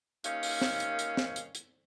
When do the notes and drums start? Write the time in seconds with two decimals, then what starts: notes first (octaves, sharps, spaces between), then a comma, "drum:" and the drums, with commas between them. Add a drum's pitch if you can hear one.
0.24 D#2 D#3 C#4 F5, drum: hi-hat
0.43 drum: open hi-hat
0.61 drum: snare
0.80 drum: hi-hat
0.99 drum: hi-hat
1.17 drum: snare
1.36 drum: hi-hat
1.55 drum: hi-hat